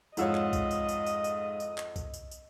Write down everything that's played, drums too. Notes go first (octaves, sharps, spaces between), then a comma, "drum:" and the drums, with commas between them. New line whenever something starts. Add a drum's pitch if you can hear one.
F2 G#2 F4 C#5 D#5 F#5 E6, drum: tambourine
drum: clap
drum: kick B1, tambourine
drum: tambourine
drum: tambourine
drum: tambourine
drum: tambourine
drum: tambourine
drum: clap
drum: kick B1, tambourine
drum: tambourine
drum: tambourine